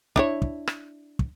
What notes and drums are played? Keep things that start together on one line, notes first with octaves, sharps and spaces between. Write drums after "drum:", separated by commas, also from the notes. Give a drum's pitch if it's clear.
D4 E4 C#5, drum: kick
drum: kick
drum: rim click
drum: kick